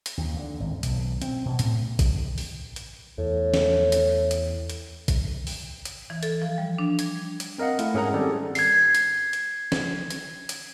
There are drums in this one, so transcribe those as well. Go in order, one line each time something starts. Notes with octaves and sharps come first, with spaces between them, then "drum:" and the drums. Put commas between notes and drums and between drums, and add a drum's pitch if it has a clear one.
drum: hi-hat
D#2
D3
G#1
B1, drum: hi-hat
C4, drum: hi-hat
B2
A2, drum: hi-hat
drum: kick, hi-hat
drum: open hi-hat
drum: hi-hat
E2 A2
drum: snare
drum: hi-hat
drum: hi-hat
drum: hi-hat
drum: kick, hi-hat
drum: open hi-hat
drum: hi-hat
E3
A4, drum: hi-hat
F3
G3
D4
G#6, drum: hi-hat
drum: hi-hat
C4 A#4 D#5 F5 F#5
A3 E4, drum: hi-hat
G#2 C#4 G#4 A#4 F#5 A#5
D#3 G3 C4 C#4 G#4 A4
G#6 C7, drum: open hi-hat
drum: hi-hat
drum: hi-hat
drum: snare
drum: hi-hat
drum: hi-hat